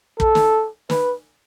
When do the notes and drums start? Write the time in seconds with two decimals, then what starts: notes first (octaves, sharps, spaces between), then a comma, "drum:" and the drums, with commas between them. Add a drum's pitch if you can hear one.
0.20 A4, drum: kick
0.35 drum: snare
0.90 B4, drum: snare